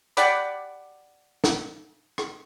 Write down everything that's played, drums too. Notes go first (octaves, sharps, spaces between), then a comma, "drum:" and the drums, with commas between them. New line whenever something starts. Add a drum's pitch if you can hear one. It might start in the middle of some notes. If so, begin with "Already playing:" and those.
D5 F#5 G5 B5 D6, drum: hi-hat
drum: snare
drum: rim click